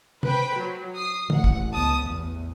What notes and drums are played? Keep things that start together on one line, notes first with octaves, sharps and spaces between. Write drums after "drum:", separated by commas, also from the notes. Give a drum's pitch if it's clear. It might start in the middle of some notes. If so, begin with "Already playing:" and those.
B4 C5 G5 B5, drum: tom
F#3
D#6 C7
A1 F#5, drum: tom
drum: kick
C#2 B3 A5 D#6
E2